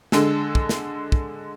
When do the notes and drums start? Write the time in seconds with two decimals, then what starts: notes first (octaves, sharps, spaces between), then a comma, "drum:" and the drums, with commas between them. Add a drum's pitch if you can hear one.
0.12 D3 G#3 A4, drum: snare
0.55 drum: kick
0.69 drum: snare
1.12 drum: kick